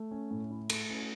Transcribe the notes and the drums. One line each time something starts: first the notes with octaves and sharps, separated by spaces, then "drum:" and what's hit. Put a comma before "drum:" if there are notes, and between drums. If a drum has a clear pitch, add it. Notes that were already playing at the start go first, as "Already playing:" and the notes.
Already playing: A3
C#4
A2
E4
A3, drum: cymbal
C#4